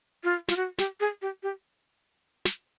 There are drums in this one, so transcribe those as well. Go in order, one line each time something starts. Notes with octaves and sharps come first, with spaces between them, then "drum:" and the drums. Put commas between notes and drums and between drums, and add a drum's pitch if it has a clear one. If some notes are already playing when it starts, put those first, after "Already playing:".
F4
F4, drum: snare
F#4
G4, drum: snare
G#4
G4
G4
drum: snare